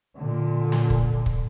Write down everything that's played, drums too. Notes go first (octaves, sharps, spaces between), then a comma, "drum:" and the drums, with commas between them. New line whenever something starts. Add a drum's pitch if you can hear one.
A#2 D3
drum: snare
drum: kick
drum: kick